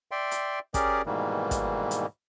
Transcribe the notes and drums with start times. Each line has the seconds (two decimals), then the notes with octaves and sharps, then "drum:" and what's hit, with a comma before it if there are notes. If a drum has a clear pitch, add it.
0.11 D5 E5 G5 C6
0.31 drum: hi-hat
0.74 C#4 G4 G#4 A#4 D5, drum: kick, hi-hat
1.06 G#2 B2 D#3 E3 G3 A#3
1.51 drum: kick, hi-hat
1.91 drum: hi-hat